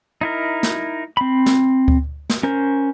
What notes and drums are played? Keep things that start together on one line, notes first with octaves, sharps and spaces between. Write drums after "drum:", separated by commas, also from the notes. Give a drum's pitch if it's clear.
D#4 E4 A#4
drum: snare
C4 B5
drum: snare
drum: kick D2
drum: snare
C#4 A#4 C5